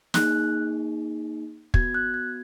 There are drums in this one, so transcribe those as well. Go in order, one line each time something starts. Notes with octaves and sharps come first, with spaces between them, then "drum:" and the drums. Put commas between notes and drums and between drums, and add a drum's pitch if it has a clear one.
A#3 D#4 G#4 F#6, drum: snare
B3 F#4 G#6, drum: kick
F#6
G#6